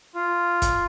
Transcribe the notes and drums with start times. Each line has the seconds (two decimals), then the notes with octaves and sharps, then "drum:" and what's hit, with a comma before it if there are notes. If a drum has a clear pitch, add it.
0.15 F4
0.62 drum: kick, hi-hat